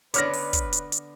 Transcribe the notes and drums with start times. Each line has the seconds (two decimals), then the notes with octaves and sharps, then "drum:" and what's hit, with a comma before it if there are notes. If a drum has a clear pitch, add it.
0.14 D3 B3 B4 C#5 D5 D6 F6 A#6, drum: hi-hat
0.33 drum: open hi-hat
0.53 drum: kick, hi-hat
0.73 drum: hi-hat
0.92 drum: hi-hat